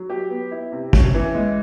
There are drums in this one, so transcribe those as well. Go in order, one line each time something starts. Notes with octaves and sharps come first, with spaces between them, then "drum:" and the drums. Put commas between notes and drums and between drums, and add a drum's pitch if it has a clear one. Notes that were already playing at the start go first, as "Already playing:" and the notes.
Already playing: F#3
G4
B3
E4
C3
C#4, drum: kick
E3
G#3